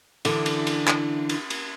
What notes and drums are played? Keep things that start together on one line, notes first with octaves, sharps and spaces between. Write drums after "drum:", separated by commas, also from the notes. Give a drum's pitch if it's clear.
D3 E3, drum: cymbal
drum: cymbal
drum: cymbal
drum: clap
drum: cymbal
drum: cymbal